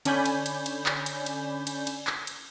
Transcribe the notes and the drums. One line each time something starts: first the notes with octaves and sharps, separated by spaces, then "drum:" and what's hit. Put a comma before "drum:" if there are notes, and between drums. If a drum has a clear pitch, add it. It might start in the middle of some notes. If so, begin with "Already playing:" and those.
D3 C#4 D5 G#5 B5 G6, drum: cymbal
drum: cymbal
drum: cymbal
drum: cymbal
drum: clap
drum: cymbal
drum: cymbal
drum: cymbal
drum: cymbal
drum: clap
drum: cymbal